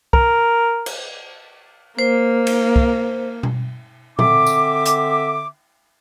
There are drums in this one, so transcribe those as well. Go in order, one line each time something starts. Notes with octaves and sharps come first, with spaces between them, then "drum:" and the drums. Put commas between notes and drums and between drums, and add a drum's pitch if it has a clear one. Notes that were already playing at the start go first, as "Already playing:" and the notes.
A#4, drum: kick
drum: cymbal
A#3 C5
drum: cymbal
drum: kick
drum: tom B2
D3 C4 E5 D6, drum: tom A#2
drum: tambourine
drum: hi-hat